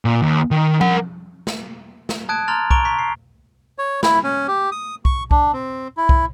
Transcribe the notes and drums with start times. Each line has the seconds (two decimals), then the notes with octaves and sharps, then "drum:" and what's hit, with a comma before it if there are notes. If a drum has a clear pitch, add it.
0.05 A#2
0.22 D#2
0.51 D#3
0.81 A#4 F#5, drum: tom F3
1.47 drum: snare
2.09 drum: snare
2.29 A5 D#6 F#6 G#6 D7
2.48 A#5 C6 F6 A6 F7
2.71 A#5 C#6 D7 F7 G7, drum: kick B1
2.85 C#6 B6
2.99 C7
3.79 C#5
4.03 E4, drum: snare
4.24 C#4
4.48 G4
4.72 D#6
5.05 C#6, drum: kick B1
5.31 D4, drum: kick B1
5.53 C4
5.97 E4
6.09 drum: kick B1